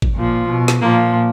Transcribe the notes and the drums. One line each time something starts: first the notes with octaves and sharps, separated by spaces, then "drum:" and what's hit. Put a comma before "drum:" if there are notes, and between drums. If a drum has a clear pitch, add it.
drum: kick G#1
A#2 F3
B2
drum: snare
A#2 F3 A#3